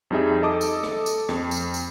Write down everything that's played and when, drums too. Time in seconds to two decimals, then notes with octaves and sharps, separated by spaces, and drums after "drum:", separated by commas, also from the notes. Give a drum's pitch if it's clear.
0.10 F2 G3 D#4 G#4 E5
0.42 A4 D#5 A5 D6 D#6
0.61 drum: tambourine
0.83 drum: rim click
1.06 drum: tambourine
1.29 F2, drum: rim click
1.51 drum: tambourine
1.74 drum: tambourine